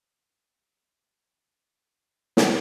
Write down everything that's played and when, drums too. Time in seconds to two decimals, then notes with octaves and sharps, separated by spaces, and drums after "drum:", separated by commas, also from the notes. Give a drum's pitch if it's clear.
0.23 B3 C4 D#4 E5 C#6
1.98 C4 D4 A4 F#5 D#6
2.37 drum: snare